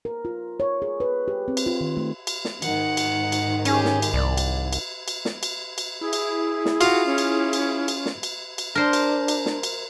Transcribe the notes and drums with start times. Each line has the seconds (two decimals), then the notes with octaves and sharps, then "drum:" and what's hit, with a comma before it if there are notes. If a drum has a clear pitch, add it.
0.05 A#4
0.25 F4
0.60 C#5
0.82 G#4
1.00 B4
1.28 G4
1.48 C4
1.57 drum: cymbal
1.66 F4
1.81 D#3
1.97 A3
2.27 drum: cymbal
2.45 drum: snare
2.62 G#2 D#3 F#5, drum: cymbal
2.97 drum: cymbal
3.32 drum: cymbal
3.65 C#4 G4 G#4, drum: cymbal
3.85 drum: snare
4.02 drum: cymbal
4.14 C2 D5
4.37 drum: cymbal
4.73 drum: cymbal
5.08 drum: cymbal
5.25 drum: snare
5.43 drum: cymbal
5.78 drum: cymbal
6.01 E4 G#4
6.13 drum: cymbal
6.65 drum: snare
6.81 F4 F#4, drum: cymbal
7.06 C#4
7.18 drum: cymbal
7.53 drum: cymbal
7.88 drum: cymbal
8.06 drum: snare
8.23 drum: cymbal
8.58 drum: cymbal
8.75 D4 A#4 C5
8.93 drum: cymbal
9.28 drum: cymbal
9.46 drum: snare
9.63 drum: cymbal